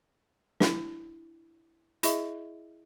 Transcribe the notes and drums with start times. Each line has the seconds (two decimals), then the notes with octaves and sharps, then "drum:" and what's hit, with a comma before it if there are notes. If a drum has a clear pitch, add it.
0.60 D4 E4, drum: snare
2.03 E4 G#4 D#5 E5 C#6, drum: hi-hat